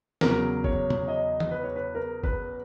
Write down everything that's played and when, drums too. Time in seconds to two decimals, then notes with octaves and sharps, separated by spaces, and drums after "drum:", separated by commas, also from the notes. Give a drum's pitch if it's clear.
0.21 E2 C#3 F#3 A#4, drum: snare
0.64 C#5, drum: kick
0.90 drum: tom
1.08 D#5
1.40 drum: tom
1.51 B4
1.63 C#5
1.76 B4
1.95 A#4
2.23 B4, drum: kick